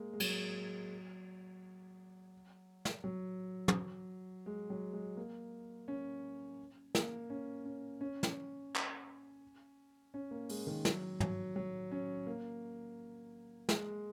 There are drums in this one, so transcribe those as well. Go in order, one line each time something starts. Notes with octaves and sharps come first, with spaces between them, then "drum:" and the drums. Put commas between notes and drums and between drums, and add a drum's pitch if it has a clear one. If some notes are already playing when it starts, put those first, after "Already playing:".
Already playing: G#3 A#3
G#3
F#3, drum: cymbal
drum: snare
F#3
drum: tom
G#3
F#3
G#3
A#3
C#4
A#3, drum: snare
C#4
C#4
C#4
drum: snare
drum: clap
C#4
A#3
G#3, drum: open hi-hat
D#3
F#3, drum: snare
F#3, drum: tom
F#3
C#4
A#3
G#3, drum: snare